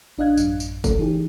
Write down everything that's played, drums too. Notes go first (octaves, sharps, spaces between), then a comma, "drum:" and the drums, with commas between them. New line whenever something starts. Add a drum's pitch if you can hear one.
A1 D4 D#5 F5 F#6 G#6
A1 F#2, drum: tambourine
drum: tambourine
A3 C#4 A4, drum: kick, tambourine
E3 D#4 G4 G#4